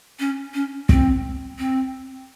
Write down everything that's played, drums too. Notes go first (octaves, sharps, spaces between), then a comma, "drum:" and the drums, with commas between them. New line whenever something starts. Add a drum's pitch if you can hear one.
C#4
C#4
C4, drum: kick
C4